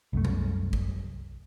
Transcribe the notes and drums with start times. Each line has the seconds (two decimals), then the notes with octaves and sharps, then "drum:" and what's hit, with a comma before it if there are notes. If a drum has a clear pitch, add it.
0.13 C2 F#2 A3
0.25 drum: tom B2
0.73 drum: kick